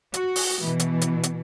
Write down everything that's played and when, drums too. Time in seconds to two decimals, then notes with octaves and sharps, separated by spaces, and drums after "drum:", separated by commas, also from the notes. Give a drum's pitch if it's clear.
0.14 F#4, drum: hi-hat
0.36 drum: open hi-hat
0.62 B2 E3
0.79 drum: hi-hat
1.01 drum: hi-hat
1.23 drum: hi-hat